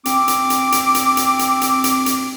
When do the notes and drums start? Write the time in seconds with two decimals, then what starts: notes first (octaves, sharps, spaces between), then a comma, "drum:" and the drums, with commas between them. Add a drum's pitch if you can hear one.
0.05 C4 D6, drum: hi-hat
0.28 drum: hi-hat
0.50 drum: hi-hat
0.72 drum: hi-hat
0.95 drum: hi-hat
1.17 drum: hi-hat
1.39 drum: hi-hat
1.62 drum: hi-hat
1.84 drum: hi-hat
2.06 drum: hi-hat